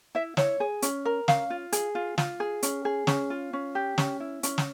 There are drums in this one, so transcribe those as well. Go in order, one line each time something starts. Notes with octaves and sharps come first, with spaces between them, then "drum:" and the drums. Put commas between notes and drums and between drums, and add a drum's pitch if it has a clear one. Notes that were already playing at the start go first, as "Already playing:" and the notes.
E4 E5
E4 C#5, drum: snare
G#4
C#4, drum: hi-hat
A#4
C#4 F5, drum: snare
F4
G#4, drum: hi-hat
F4
F4, drum: snare
G#4
C#4, drum: hi-hat
G#4
C#4, drum: snare
F4
C#4
G4
C#4, drum: snare
E4
C#4, drum: hi-hat
drum: snare